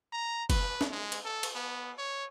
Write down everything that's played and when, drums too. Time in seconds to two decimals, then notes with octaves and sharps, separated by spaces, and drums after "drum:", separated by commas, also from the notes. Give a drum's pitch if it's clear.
0.12 A#5
0.50 B4, drum: kick, cymbal
0.81 drum: snare
0.91 G#3
1.12 drum: cymbal
1.25 A4
1.43 drum: cymbal
1.55 B3
1.98 C#5